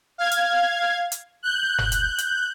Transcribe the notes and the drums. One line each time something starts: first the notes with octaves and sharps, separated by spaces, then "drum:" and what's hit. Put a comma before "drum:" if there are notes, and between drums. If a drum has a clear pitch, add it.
F5 G#6
drum: hi-hat
drum: hi-hat
F#6 G6
drum: tom F#1
drum: hi-hat
drum: hi-hat